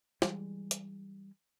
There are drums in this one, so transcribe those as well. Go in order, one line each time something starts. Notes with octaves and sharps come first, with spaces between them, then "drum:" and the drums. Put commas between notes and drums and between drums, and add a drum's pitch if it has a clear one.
E3 G3 G#3, drum: snare
drum: hi-hat